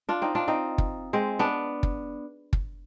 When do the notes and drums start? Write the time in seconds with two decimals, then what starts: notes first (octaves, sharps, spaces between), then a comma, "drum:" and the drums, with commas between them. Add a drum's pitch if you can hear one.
0.09 D4 F4
0.22 C4 D#4
0.35 D4 F4
0.48 C4 D#4
0.78 drum: kick
1.13 G#3 C4
1.39 B3 D4
1.83 drum: kick
2.53 drum: kick